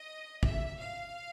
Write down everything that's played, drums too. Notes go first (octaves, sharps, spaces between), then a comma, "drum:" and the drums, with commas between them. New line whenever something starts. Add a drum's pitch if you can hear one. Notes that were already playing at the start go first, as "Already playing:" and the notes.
Already playing: D#5
E5, drum: kick
F5